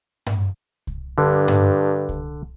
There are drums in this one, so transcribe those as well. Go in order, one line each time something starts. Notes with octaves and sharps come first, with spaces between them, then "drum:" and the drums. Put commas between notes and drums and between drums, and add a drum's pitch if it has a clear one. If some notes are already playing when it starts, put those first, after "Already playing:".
drum: tom G2
drum: kick C2
G2 D3
drum: tom G2
drum: kick C2